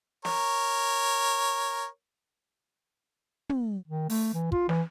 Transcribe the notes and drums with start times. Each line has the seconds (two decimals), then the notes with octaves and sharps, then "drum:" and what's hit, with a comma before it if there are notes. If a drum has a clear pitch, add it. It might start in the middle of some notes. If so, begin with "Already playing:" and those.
0.25 A#4 C#5, drum: snare
3.49 drum: tom
3.88 D#3
4.10 A3, drum: open hi-hat
4.34 E3
4.52 F4, drum: kick
4.69 E3, drum: snare